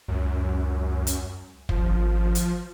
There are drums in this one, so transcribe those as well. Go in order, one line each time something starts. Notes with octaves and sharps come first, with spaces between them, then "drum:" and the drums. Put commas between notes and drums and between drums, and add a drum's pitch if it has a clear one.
C#2 F#2
drum: hi-hat
G#1 F3, drum: kick
drum: hi-hat